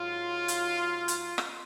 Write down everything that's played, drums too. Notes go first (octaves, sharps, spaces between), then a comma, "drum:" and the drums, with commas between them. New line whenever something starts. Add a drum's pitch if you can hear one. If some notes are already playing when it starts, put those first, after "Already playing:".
Already playing: G#2 F#3 F4
drum: hi-hat
drum: hi-hat
drum: rim click